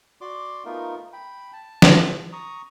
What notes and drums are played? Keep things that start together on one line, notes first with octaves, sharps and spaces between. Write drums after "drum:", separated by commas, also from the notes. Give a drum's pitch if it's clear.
F#4 D5 C6 D6
A3 B3 D#4 F4 A#4
G5 B5
A5
drum: snare
A#5 C#6 D#6